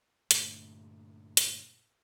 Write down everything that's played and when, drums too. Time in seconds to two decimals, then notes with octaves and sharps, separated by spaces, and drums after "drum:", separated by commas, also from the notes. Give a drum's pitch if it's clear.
0.31 G2 A#2 D3 A3, drum: hi-hat
1.37 drum: hi-hat